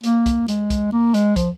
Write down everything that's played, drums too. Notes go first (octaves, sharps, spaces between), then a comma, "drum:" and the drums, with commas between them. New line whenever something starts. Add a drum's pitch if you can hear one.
A#3, drum: hi-hat
drum: kick, hi-hat
G#3, drum: hi-hat
drum: kick, hi-hat
A#3
G#3, drum: hi-hat
F3, drum: kick, hi-hat